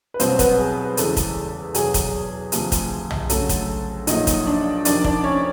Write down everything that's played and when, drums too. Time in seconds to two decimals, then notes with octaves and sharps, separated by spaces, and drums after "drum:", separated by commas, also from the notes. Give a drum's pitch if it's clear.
0.14 B4
0.20 C2 B2 F#3 C4 C5, drum: hi-hat
0.39 B3 B4, drum: kick, hi-hat
0.58 G#4
0.97 E2 C#3 E3 G#3 A4, drum: hi-hat
1.17 drum: kick, hi-hat
1.74 E2 B2 F#3 G#4, drum: hi-hat
1.94 drum: kick, hi-hat
2.52 D2 C3 F3, drum: hi-hat
2.72 drum: kick, hi-hat
3.11 drum: tom
3.30 D2 C#3 F#3 A4, drum: hi-hat
3.49 drum: kick, hi-hat
4.07 A#1 A#2 F#3 D#4 D#5, drum: hi-hat
4.27 drum: kick, hi-hat
4.46 D4 D5
4.85 F2 C3 D#3 D4 D5, drum: hi-hat
5.04 D4 D5, drum: kick
5.24 C#4 C#5